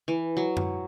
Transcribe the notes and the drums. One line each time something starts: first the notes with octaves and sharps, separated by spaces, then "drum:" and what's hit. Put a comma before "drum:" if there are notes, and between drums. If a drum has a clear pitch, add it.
E3
F#3
drum: tom F#2